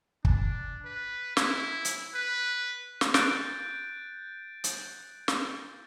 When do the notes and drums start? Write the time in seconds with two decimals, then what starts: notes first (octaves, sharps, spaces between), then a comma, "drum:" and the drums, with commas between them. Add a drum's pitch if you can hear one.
0.25 D4, drum: kick
0.85 B4
1.37 E4, drum: snare
1.85 drum: hi-hat
2.15 B4
3.01 drum: snare
3.14 F#6 G6 A6 D7, drum: snare
4.64 drum: hi-hat
5.28 drum: snare